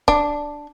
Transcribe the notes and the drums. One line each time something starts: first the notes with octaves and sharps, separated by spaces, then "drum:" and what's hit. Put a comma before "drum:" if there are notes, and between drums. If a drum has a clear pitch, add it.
D4, drum: kick C#1